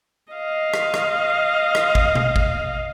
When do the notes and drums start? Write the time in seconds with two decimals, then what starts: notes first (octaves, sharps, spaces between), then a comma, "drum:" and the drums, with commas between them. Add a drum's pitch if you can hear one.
0.33 D#5 F5
0.74 drum: rim click
0.94 drum: rim click
1.75 drum: rim click
1.95 drum: kick
2.15 drum: tom B2
2.36 drum: kick